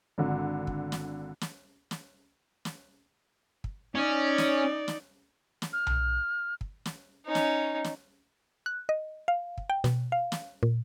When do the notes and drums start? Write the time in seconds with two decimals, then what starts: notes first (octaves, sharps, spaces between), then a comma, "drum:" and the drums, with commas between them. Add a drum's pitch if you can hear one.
0.18 G#1 D3
0.67 drum: kick
0.92 drum: snare
1.41 drum: snare
1.91 drum: snare
2.65 drum: snare
3.64 drum: kick
3.95 C#4 D#4 D5
4.38 drum: snare
4.88 drum: snare
5.62 drum: snare
5.73 F6
5.87 drum: tom B1
6.61 drum: kick
6.86 drum: snare
7.26 C#4 D#4
7.35 drum: snare
7.84 drum: snare
8.66 F#6
8.89 D#5
9.28 F5
9.58 drum: kick
9.70 G5
9.84 B2, drum: snare
10.12 F5
10.32 drum: snare
10.63 A#2